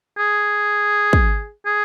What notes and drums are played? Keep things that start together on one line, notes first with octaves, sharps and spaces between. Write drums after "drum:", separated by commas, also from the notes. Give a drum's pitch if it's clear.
G#4
drum: kick
G#4